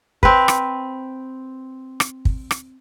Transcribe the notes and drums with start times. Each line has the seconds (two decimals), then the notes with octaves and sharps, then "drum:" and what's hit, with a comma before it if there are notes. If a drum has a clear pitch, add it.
0.23 C4 B4, drum: kick
0.48 drum: rim click
2.00 drum: rim click
2.25 drum: kick
2.51 drum: rim click